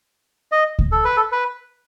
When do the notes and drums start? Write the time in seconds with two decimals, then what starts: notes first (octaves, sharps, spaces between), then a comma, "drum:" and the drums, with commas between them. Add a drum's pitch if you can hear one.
0.52 D#5
0.79 drum: kick C#2
0.92 A4
1.04 B4
1.17 A4
1.32 B4